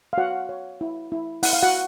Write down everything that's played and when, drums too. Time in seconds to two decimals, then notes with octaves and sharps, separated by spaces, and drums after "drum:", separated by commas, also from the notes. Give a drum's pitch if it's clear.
0.13 F5
0.18 F#4 C#5 F#5
0.49 C#5
0.81 E4
1.12 E4
1.43 E4 F#5, drum: open hi-hat
1.53 F5
1.63 F#4 F#5